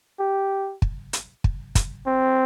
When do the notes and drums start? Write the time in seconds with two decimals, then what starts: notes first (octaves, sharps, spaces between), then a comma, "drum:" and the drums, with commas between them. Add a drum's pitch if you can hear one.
0.20 G4
0.82 drum: kick
1.13 drum: hi-hat
1.44 drum: kick
1.75 drum: kick, hi-hat
2.07 C4